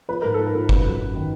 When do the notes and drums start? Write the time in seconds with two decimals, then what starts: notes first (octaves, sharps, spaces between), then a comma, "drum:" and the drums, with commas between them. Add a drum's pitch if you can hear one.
0.08 F3 B4
0.22 G#2 A#4
0.34 G#2 A4
0.47 A#4
0.55 F3
0.69 F#2 B4, drum: kick G1
0.85 F#3
0.99 F#2
1.15 D#3